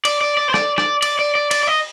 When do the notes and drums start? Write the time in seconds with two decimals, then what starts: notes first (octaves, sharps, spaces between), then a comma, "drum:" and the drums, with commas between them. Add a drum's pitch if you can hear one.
0.05 D5, drum: cymbal
0.21 D5
0.37 D5
0.50 C5
0.54 D5, drum: rim click
0.78 D5, drum: rim click
1.02 D5, drum: cymbal
1.19 D5
1.35 D5
1.51 D5, drum: cymbal
1.63 D5
1.67 D#5